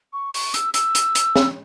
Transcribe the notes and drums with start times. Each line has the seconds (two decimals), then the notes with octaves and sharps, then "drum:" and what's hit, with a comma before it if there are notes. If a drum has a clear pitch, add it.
0.13 C#6
0.34 C#6, drum: open hi-hat
0.54 E6, drum: hi-hat
0.74 E6, drum: hi-hat
0.95 drum: hi-hat
1.15 drum: hi-hat
1.36 drum: snare